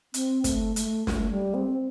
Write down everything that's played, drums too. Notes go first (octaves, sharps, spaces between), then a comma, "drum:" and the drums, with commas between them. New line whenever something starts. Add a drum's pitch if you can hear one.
C4, drum: hi-hat
A3, drum: kick, hi-hat
A3, drum: hi-hat
A3, drum: snare
G3
C4